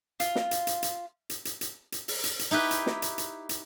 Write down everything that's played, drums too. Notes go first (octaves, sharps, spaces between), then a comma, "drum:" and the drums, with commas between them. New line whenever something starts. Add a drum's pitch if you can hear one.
F4, drum: hi-hat
drum: snare
drum: hi-hat
drum: hi-hat
drum: hi-hat
drum: hi-hat
drum: hi-hat
drum: hi-hat
drum: hi-hat
drum: open hi-hat
drum: hi-hat
drum: hi-hat
D#4 E4 G4 B4
drum: hi-hat
drum: snare
drum: hi-hat
drum: hi-hat
drum: hi-hat